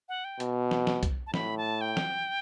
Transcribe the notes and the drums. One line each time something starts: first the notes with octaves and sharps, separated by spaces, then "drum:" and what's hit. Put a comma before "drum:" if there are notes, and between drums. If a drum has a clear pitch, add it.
F#5
G5
B2, drum: hi-hat
drum: snare
drum: snare
drum: kick, hi-hat
A5
A2 B5, drum: snare
A5
G5
drum: snare